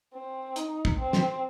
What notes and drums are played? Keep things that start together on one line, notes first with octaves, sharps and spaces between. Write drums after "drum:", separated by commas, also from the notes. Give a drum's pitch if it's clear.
C4
D#4, drum: hi-hat
drum: kick
C4
drum: snare